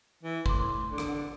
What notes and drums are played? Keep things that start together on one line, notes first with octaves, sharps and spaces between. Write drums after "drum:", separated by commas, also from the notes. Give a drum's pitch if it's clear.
E3
A2 C6 D6, drum: kick G#1
C6
D3
drum: rim click
F#5